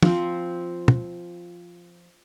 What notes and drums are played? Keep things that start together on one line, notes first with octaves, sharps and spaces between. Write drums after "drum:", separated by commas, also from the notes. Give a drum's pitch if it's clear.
F3 C4, drum: tom
drum: tom